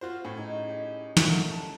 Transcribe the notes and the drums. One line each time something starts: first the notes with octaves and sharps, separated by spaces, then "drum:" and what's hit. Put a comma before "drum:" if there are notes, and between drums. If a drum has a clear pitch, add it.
F4 F#4 C5
A2 C#4
D#4 G#4
D#4 G4 D#5
A#2 A3 F#4, drum: snare
A5